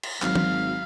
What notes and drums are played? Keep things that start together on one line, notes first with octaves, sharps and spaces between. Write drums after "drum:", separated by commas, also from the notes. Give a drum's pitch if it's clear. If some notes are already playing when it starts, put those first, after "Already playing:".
drum: cymbal
G#1 F#3 F5, drum: clap
drum: tom